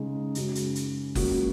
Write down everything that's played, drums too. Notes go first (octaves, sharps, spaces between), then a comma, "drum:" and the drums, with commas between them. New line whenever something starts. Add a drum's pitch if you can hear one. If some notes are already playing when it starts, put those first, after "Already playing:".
Already playing: C#3 G#3 D#4
F#2 C#3 G#3 C#4 F#4, drum: hi-hat
drum: hi-hat
drum: hi-hat
C#2 C#3 F#3 A#3 F#4, drum: kick F#1, open hi-hat